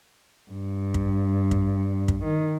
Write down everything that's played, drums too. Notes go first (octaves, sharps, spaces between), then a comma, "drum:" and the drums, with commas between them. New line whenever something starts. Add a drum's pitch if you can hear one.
G2
drum: kick
drum: kick
drum: kick
D#3